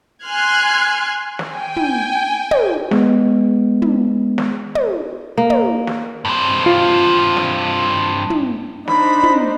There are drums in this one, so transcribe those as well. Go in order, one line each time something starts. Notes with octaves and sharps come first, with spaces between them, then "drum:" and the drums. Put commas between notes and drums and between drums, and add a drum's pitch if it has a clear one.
G#5 C6 F6 F#6 G#6
drum: snare
G5 G#5
drum: tom
drum: tom
G#3 B3, drum: snare
drum: tom
drum: snare
drum: tom
A#3
drum: tom
drum: snare
G2 C4
F4
drum: snare
drum: tom
D4 D#4 C5 B5, drum: snare
drum: tom